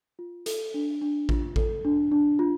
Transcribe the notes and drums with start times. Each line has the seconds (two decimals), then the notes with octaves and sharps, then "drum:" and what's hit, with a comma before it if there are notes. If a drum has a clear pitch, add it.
0.19 F4
0.46 A4, drum: hi-hat
0.74 D4
1.01 D4
1.29 F4, drum: kick A1
1.56 A4, drum: kick A1
1.85 D4
2.12 D4
2.39 F4